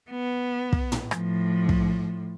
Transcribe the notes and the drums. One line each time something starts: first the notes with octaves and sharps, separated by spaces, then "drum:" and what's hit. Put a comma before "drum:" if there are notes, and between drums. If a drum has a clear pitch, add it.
B3
drum: kick
drum: tom
A2 F3, drum: rim click
drum: kick